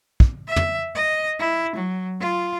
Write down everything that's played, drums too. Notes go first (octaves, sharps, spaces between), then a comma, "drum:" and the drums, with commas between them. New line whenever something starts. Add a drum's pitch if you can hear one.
drum: kick
E5
drum: tom
D#5
E4
F#3
F4